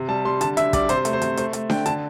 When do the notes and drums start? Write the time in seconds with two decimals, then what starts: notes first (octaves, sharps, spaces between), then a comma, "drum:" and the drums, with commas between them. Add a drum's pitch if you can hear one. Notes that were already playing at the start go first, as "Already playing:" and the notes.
Already playing: C3
0.09 G3 A5
0.25 G3 C6
0.41 D3 A5, drum: hi-hat
0.57 D3 E5, drum: hi-hat
0.73 G3 D5, drum: kick, hi-hat
0.89 C3 C5, drum: hi-hat
1.05 A3, drum: hi-hat
1.13 C5
1.22 C3, drum: hi-hat
1.37 A3 C5, drum: hi-hat
1.53 A3, drum: hi-hat
1.70 D3 G5, drum: snare D4
1.86 D3 A5, drum: hi-hat